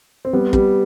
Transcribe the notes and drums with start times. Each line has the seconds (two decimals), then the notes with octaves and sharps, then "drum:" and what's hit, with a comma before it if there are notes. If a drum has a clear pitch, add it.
0.25 C4
0.33 G3 B3
0.53 G3 B3, drum: kick